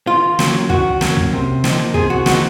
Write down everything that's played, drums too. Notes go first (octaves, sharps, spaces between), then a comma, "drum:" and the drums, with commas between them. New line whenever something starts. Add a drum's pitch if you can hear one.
D#3 F4
F#3 A#3 C#4, drum: snare
D#3 F#4, drum: kick
F#3 A#3 C#4, drum: snare
drum: kick
C3
F3 A#3 D#4, drum: snare
C3 G#4, drum: kick
F#4
F3 A#3 D#4 F#4, drum: snare